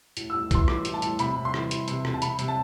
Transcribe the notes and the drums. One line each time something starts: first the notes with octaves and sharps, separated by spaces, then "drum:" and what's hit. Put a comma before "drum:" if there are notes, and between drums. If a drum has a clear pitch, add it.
A2, drum: hi-hat
A2 E6
E3 C6, drum: kick B1, hi-hat
E3 D6, drum: rim click
A2, drum: hi-hat
A5
A2, drum: hi-hat
C3 B5, drum: hi-hat
C3
C6
E3, drum: rim click
E3, drum: hi-hat
C3, drum: hi-hat
C3, drum: rim click
A5
C3 B5, drum: hi-hat
C3, drum: hi-hat
A5